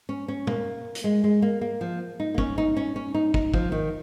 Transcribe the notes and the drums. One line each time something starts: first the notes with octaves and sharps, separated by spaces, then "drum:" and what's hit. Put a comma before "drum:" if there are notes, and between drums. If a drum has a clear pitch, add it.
C#4
C#4
A#3, drum: tom
drum: hi-hat
G#3
G#3
A#3
A#3
F3
D#4
A#3
C#4, drum: kick
D#4
C#4
C#4
D#4
D#4, drum: kick
F3, drum: kick
D#3